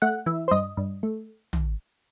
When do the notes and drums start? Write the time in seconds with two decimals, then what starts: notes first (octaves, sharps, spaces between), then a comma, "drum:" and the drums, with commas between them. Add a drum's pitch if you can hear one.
0.02 A3 F#5
0.26 E3 E5
0.48 C5
0.51 G2 D#5
0.77 G2
1.03 A3
1.53 drum: tom